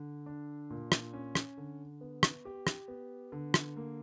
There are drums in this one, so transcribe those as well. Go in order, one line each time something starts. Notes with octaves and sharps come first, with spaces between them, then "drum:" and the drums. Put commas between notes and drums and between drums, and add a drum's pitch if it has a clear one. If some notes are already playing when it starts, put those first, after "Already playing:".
Already playing: D3
D4
A#2
drum: rim click
C#4
drum: rim click
D3
B3
drum: rim click
G4
drum: rim click
B3
D3
drum: rim click
A#3